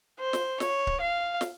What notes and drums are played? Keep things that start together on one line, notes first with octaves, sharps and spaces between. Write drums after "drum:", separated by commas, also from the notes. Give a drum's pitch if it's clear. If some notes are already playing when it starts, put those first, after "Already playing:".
C5
drum: snare
C#5, drum: snare
drum: kick C#1
F5
drum: snare